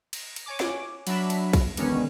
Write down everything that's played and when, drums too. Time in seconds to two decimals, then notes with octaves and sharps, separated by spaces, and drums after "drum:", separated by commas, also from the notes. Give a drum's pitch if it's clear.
0.13 drum: cymbal
0.36 drum: cymbal
0.46 C#5 G#5 D6
0.60 drum: snare
1.07 F#3 D4 E5 B5, drum: cymbal
1.30 drum: cymbal
1.53 drum: kick B1, cymbal
1.77 E1 D3 D#3 B3 C#4, drum: cymbal